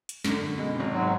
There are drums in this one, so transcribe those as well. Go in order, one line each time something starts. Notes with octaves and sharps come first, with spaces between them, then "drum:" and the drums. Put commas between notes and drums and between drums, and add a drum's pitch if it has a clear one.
drum: hi-hat
F#2 D3, drum: snare
B2 G#3
G#1 C3
G#2 F#3